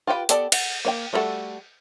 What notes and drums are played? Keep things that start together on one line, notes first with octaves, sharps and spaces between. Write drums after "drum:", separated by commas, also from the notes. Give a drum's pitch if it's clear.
F4 G4 B4 G5
B3 G4 A4 D5 A5, drum: hi-hat
F#5, drum: cymbal
A#3 C#5 G5
G3 A3 D4 F#4 A4